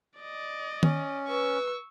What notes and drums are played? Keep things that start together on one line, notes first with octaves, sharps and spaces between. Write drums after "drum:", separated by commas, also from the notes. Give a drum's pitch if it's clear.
D5 D#5
C#4, drum: tom D#3
B4 C#6 E6